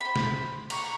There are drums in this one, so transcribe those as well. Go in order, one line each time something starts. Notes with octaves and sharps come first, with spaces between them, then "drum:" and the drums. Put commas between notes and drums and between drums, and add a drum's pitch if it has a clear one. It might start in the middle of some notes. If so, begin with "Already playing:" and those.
C5 B5
drum: snare
A#5 C#6, drum: cymbal